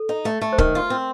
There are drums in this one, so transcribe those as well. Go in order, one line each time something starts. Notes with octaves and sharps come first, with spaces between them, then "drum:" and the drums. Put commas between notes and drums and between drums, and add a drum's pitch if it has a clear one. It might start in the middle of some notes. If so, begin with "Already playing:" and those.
Already playing: A4
D#4
A3
A3
C5
D#3 A#4, drum: kick C#1
F4
C4